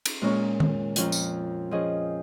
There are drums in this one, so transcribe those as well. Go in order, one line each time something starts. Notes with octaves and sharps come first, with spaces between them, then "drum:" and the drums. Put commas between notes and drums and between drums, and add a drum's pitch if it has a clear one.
drum: cymbal
A#2 G#3 C#4 A#4 C#5
drum: tom D#3
F2 F3 C#4 F4 A#4, drum: hi-hat
drum: tambourine
F3 C#4 G#4 D#5